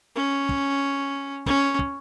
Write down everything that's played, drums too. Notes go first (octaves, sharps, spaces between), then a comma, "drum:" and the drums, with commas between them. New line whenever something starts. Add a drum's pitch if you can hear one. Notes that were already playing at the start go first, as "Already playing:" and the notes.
C#4
drum: kick
C#4, drum: kick
drum: kick